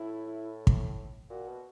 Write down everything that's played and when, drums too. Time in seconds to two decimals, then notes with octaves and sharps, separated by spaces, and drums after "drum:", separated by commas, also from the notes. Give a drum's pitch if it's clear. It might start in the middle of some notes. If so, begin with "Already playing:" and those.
Already playing: A2 E4
0.67 drum: kick
1.30 A#2 F#4
1.48 B2